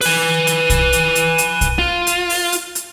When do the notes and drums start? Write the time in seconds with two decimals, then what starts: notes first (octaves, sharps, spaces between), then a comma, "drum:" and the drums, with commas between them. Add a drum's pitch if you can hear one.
0.01 B4 G#5 D#7, drum: open hi-hat
0.47 drum: hi-hat
0.70 drum: kick, hi-hat
0.93 drum: hi-hat
1.15 drum: hi-hat
1.38 drum: hi-hat
1.61 drum: kick, hi-hat
1.79 F4
2.07 drum: hi-hat
2.30 drum: open hi-hat
2.52 drum: hi-hat
2.75 drum: hi-hat